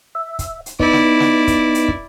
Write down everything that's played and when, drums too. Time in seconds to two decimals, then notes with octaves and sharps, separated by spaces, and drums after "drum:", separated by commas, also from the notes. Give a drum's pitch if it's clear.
0.15 E5
0.39 drum: kick, hi-hat
0.66 drum: hi-hat
0.80 B3 D#4 E4 D5, drum: kick
0.93 drum: snare
1.20 drum: snare
1.47 drum: kick, hi-hat
1.75 drum: hi-hat
1.88 drum: kick